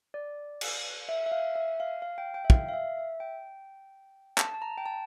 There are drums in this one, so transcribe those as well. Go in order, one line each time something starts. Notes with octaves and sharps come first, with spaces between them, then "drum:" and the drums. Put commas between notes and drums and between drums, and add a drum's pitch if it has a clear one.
D5
drum: cymbal
E5
E5
F5
E5
F5
F5
G5
G5
E5
F5, drum: kick
F5
E5
E5
G5
A5, drum: clap
A5
A#5
G5
A5